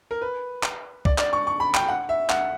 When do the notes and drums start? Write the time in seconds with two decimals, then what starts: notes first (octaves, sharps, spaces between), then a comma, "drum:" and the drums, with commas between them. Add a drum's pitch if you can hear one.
0.11 A#4
0.21 B4
0.63 drum: clap
1.05 D5, drum: kick
1.18 D5, drum: clap
1.33 C#6
1.47 C#6
1.60 B5
1.75 G5, drum: clap
1.88 F#5
2.09 E5
2.30 F#5, drum: clap